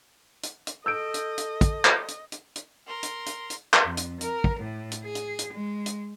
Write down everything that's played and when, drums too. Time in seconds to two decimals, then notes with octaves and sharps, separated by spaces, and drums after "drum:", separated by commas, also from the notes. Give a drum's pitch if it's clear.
0.43 drum: hi-hat
0.67 drum: hi-hat
0.86 A4 D#5 E6 G6 D7
1.14 drum: hi-hat
1.38 drum: hi-hat
1.61 drum: kick, hi-hat
1.85 drum: clap
2.08 drum: hi-hat
2.32 drum: hi-hat
2.56 drum: hi-hat
2.87 A#4 C6
3.03 drum: hi-hat
3.26 drum: hi-hat
3.50 drum: hi-hat
3.73 drum: clap
3.84 F2
3.97 drum: hi-hat
4.21 A#4, drum: hi-hat
4.44 drum: kick
4.60 A2
4.91 drum: hi-hat
5.04 G#4
5.15 drum: hi-hat
5.39 drum: hi-hat
5.53 G#3
5.86 drum: hi-hat